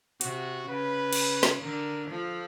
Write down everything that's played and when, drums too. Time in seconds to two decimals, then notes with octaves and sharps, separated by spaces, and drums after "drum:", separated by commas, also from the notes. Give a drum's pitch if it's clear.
0.21 C3 F#4, drum: hi-hat
0.68 C#3 B4
1.13 drum: cymbal
1.43 drum: snare
1.62 D3 A#4
2.10 F3 A4